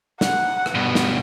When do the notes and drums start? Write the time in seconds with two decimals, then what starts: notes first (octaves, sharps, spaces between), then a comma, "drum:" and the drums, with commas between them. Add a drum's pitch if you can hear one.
0.21 F#5, drum: snare
0.66 drum: rim click
0.75 G2 B2
0.95 drum: snare